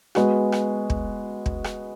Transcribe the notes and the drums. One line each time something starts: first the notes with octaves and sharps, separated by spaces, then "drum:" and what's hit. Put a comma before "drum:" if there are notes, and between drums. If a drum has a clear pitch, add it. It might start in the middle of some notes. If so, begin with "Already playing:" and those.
G#3 B3 F#4, drum: rim click
drum: rim click
drum: kick
drum: kick
drum: rim click